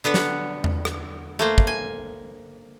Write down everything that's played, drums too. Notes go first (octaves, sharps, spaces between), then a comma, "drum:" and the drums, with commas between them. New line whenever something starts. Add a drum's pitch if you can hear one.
D3 B3 B4 F#5
drum: snare
drum: tom E2
drum: rim click
A3 A#3 C5
drum: kick
G#5